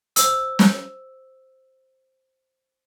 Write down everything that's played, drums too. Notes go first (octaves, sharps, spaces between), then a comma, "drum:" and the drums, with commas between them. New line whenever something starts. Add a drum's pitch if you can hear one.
C5 E6, drum: hi-hat
drum: snare